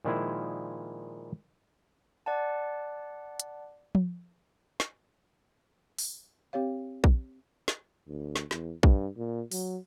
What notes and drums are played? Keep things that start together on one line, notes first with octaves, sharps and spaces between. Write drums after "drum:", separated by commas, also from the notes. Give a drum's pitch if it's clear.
A#2 D#3 F3 G#3 E4 G#4
D5 F#5 A5
drum: hi-hat
drum: tom F3
drum: snare
drum: open hi-hat
C4 G4 C#5 F5
drum: kick A#1
drum: snare
D2
drum: snare
E2, drum: snare
G2, drum: kick A#1
A#2
F#3, drum: open hi-hat